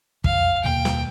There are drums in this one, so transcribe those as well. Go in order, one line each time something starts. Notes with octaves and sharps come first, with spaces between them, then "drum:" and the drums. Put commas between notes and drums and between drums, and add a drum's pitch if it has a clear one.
F2 F5, drum: kick
D#2 B2 A#3 G5
drum: snare